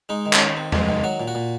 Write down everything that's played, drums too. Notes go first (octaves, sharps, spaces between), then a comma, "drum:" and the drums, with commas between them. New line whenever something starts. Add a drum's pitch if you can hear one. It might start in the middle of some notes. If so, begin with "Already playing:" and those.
G#3 D#4
D#3
C#4, drum: clap
D#3
C4
G#3, drum: tom E2
D#3
F#3 F#4
A#2
F#4
A#2